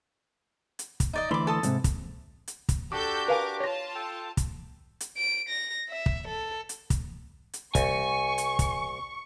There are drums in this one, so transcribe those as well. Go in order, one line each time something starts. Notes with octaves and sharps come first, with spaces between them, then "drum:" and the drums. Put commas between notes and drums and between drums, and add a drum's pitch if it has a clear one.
drum: hi-hat
drum: kick, hi-hat
D#4 D5 D#5
D2 E3 B5 C6 D6
A4 A5 D#6
C#2 G#2 C3, drum: hi-hat
drum: kick, hi-hat
drum: hi-hat
drum: kick, hi-hat
D4 F#4 G4 A4 D6 G6
A#4 B4 F5 G#5 D6
F4 C#5 A5 A#6
A4 G5
drum: kick, hi-hat
drum: hi-hat
D7
A#6
E5
drum: kick
A4
drum: hi-hat
drum: kick, hi-hat
drum: hi-hat
C2 G#5 C#6, drum: kick, hi-hat
drum: hi-hat
drum: kick, hi-hat